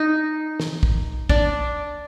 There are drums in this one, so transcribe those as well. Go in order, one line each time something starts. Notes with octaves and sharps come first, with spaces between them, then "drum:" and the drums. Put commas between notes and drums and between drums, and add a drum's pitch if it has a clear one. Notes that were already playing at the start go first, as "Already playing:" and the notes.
Already playing: D#4
drum: snare
drum: kick
D4, drum: kick